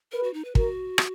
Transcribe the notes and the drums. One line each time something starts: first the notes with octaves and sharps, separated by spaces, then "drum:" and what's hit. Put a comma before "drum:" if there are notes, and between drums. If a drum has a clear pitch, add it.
A#4 B4
F#4
D#4
B4
F#4 A#4, drum: kick
drum: rim click